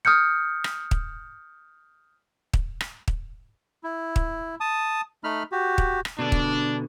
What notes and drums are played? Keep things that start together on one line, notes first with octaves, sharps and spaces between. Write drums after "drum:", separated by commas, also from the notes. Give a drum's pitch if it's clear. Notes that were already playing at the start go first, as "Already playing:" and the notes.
D#6 F6 G6 C#7
drum: rim click
drum: kick
drum: kick
drum: rim click
drum: kick
E4
drum: kick
A5 D#6
A3 D#4 B5 F6
F#4 G4
drum: kick
drum: rim click
B2 D3 D4
drum: kick